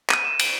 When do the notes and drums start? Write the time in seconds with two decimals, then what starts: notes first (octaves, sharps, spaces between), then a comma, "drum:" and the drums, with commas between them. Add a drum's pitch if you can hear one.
0.10 D#7, drum: clap
0.25 E7
0.39 D7, drum: cymbal